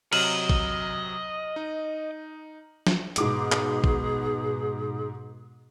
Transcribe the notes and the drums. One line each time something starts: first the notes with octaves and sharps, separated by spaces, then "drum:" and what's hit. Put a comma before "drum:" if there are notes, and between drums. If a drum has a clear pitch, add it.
C3 F#3 D#5 F6 F#7, drum: cymbal
drum: kick A1
D#4
drum: snare
G#2 B2 G#4 D6 D7, drum: hi-hat
drum: clap
drum: kick A1